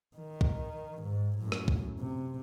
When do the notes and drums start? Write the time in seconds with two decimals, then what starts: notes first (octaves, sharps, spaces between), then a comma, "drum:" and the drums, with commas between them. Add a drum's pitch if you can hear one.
0.16 D#3
0.41 drum: kick
1.02 G#2
1.38 F#2 A2
1.52 drum: rim click
1.68 drum: kick
2.00 C3